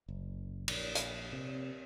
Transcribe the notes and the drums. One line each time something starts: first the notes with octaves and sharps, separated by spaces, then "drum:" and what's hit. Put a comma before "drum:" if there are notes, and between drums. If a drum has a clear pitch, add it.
F#1
A#1, drum: cymbal
drum: hi-hat
C3